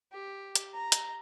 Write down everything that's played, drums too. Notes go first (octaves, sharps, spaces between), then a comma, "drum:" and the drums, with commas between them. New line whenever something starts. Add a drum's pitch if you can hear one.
G4
drum: hi-hat
A#5
drum: hi-hat